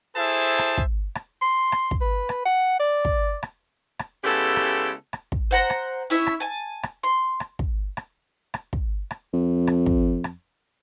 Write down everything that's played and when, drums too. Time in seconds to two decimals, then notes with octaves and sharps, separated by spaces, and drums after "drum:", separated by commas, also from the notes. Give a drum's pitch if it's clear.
0.16 E4 G#4 A4 C5 E5 A5
0.59 drum: rim click
0.78 drum: kick
1.15 drum: rim click
1.42 C6
1.72 drum: rim click
1.91 drum: kick
2.01 B4
2.29 drum: rim click
2.46 F#5
2.80 D5
3.05 drum: kick
3.43 drum: rim click
3.99 drum: rim click
4.24 C#3 G#3 B3 E4 G4 A4
4.56 drum: rim click
5.13 drum: rim click
5.32 drum: kick
5.51 C5 F#5 A#5
5.70 drum: rim click
6.10 C#4 E4 E5
6.27 drum: rim click
6.40 G#5 A5
6.83 drum: rim click
7.03 C6
7.40 drum: rim click
7.59 drum: kick
7.97 drum: rim click
8.54 drum: rim click
8.73 drum: kick
9.11 drum: rim click
9.34 F2
9.67 drum: rim click
9.86 drum: kick
10.24 drum: rim click